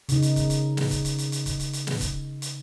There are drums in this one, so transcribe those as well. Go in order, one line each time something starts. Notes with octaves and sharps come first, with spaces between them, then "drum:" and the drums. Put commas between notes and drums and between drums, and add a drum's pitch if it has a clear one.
C#3 D#4, drum: hi-hat
drum: hi-hat
drum: kick C#1, hi-hat
drum: hi-hat
drum: snare
drum: kick C#1, hi-hat
drum: hi-hat
drum: hi-hat
drum: hi-hat
drum: kick C#1, hi-hat
drum: hi-hat
drum: hi-hat
drum: snare
drum: kick C#1, hi-hat
drum: hi-hat